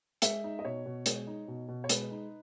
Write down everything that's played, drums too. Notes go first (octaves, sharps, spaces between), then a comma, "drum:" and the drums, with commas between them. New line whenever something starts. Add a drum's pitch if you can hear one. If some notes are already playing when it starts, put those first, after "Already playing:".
G#3 E5, drum: hi-hat
D#4
D#5
B2 C#5
B2
G#3, drum: hi-hat
D#4
B2
B2
C#5
G#3 B4, drum: hi-hat
D#4